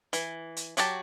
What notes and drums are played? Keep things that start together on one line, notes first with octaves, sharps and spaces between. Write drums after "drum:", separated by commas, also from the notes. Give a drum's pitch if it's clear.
E3, drum: hi-hat
drum: hi-hat
F#3 F#4 G4 A#4 A5, drum: hi-hat